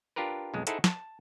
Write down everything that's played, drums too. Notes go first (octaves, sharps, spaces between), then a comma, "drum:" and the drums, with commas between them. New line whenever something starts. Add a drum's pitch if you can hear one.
D4 F4 G4 A#4 B4
B1 F2 G#3
D#4 E4 G#4 A4 C5 F#5, drum: hi-hat
A5, drum: snare